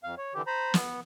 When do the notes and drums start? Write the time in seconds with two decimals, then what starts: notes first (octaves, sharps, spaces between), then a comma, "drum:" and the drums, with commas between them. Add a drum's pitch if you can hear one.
0.04 F2 F5
0.18 C#5
0.34 D3 E3 G4
0.47 C5 A#5 B5
0.74 B3, drum: snare